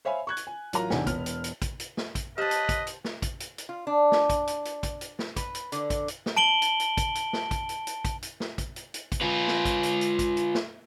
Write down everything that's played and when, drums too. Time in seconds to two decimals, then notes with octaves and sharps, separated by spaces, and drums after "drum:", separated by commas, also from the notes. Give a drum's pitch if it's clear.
0.05 C5 C#5 E5 F5 G#5 B5
0.27 C#6 F#6 G#6
0.37 drum: hi-hat
0.47 G#5
0.73 A1 F#3 F4 A#4 A#5, drum: hi-hat
0.90 E1 G#2 C3 D4 F#5 G#5, drum: snare
1.07 E1 B3 F6, drum: kick, hi-hat
1.26 drum: hi-hat
1.44 drum: hi-hat
1.62 drum: kick, hi-hat
1.79 drum: hi-hat
1.97 drum: snare
2.15 drum: kick, hi-hat
2.38 G4 B4 C5 D#5 A5
2.51 drum: hi-hat
2.69 drum: kick, hi-hat
2.87 drum: hi-hat
3.04 drum: snare
3.22 drum: kick, hi-hat
3.40 drum: hi-hat
3.58 drum: hi-hat
3.69 F4
3.87 D4
4.12 drum: snare
4.30 drum: kick, hi-hat
4.47 drum: hi-hat
4.65 drum: hi-hat
4.83 drum: kick, hi-hat
5.01 drum: hi-hat
5.19 drum: snare
5.36 B4, drum: kick, hi-hat
5.55 drum: hi-hat
5.72 D3, drum: hi-hat
5.90 drum: kick, hi-hat
6.08 drum: hi-hat
6.26 drum: snare
6.37 A5 D7 F#7 G7
6.62 drum: hi-hat
6.80 drum: hi-hat
6.97 drum: kick, hi-hat
7.15 drum: hi-hat
7.33 drum: snare
7.51 drum: kick, hi-hat
7.69 drum: hi-hat
7.87 drum: hi-hat
8.05 drum: kick, hi-hat
8.22 drum: hi-hat
8.40 drum: snare
8.58 drum: kick, hi-hat
8.76 drum: hi-hat
8.94 drum: hi-hat
9.12 drum: kick, hi-hat
9.21 F4 B4
9.47 drum: snare
9.65 drum: kick, hi-hat
9.83 drum: hi-hat
10.01 drum: hi-hat
10.19 drum: kick, hi-hat
10.37 drum: hi-hat
10.55 drum: snare